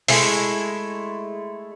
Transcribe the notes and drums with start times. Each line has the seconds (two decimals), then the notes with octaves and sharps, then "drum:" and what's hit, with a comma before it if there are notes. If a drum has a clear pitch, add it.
0.08 G#3 A3 E4, drum: open hi-hat